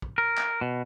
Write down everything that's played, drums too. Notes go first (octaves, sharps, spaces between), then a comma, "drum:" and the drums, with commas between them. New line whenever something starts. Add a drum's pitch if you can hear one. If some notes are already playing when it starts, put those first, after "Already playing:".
drum: kick
A#4
drum: clap
B2